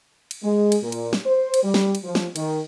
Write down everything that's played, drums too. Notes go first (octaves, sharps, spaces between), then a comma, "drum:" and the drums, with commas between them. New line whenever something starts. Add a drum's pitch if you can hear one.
drum: cymbal
G#3
drum: cymbal
A#2
drum: cymbal
drum: snare
C5
drum: cymbal
G3
drum: snare
drum: cymbal
F3
drum: snare
D#3, drum: cymbal